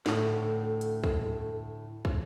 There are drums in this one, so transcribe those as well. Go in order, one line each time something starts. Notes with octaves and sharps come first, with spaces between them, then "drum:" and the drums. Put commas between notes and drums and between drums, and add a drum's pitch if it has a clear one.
D2 A2 A4 F#5, drum: snare
drum: hi-hat
drum: kick
drum: kick